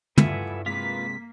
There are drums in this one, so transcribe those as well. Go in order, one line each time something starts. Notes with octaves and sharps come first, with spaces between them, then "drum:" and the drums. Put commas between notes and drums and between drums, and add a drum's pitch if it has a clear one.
G2 E4 F4 A4 B4 E5 F#5 G#5, drum: tom
C3 G#3 A#3 F4 B4 B6